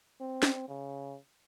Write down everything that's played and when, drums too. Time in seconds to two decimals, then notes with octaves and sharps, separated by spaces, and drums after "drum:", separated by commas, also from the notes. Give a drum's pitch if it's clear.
0.21 C4
0.43 drum: snare
0.68 C#3